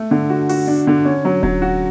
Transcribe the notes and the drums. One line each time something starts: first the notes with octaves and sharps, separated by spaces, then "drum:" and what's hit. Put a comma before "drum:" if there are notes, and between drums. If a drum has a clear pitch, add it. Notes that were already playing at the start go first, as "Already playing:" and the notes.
Already playing: A3
D3
F#4
F#4, drum: open hi-hat
D4
D3
C#4
F#3
F#3, drum: kick D#1
F#4